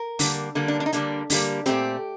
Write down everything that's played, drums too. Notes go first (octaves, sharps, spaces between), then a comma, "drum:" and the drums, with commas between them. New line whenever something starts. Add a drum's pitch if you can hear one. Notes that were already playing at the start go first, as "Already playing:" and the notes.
Already playing: A#4
D3 G3 A#3, drum: open hi-hat
D3 G3 A#3
D4
D4
D#4
D3 G3 A#3 D4, drum: hi-hat
D3 G3 A#3, drum: open hi-hat
A#2 A3 C4 G4, drum: hi-hat